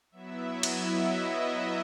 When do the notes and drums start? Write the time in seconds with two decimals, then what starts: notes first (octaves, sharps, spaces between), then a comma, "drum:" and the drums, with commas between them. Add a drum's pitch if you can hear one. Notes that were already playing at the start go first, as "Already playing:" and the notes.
0.12 F#3 B3 E4 E5
0.50 E5
0.63 drum: cymbal
0.87 D#5